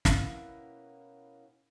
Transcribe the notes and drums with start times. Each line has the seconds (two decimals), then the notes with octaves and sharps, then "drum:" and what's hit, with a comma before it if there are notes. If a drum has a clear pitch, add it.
0.05 B2 G#3 A#3 C#4 E4 F#5, drum: snare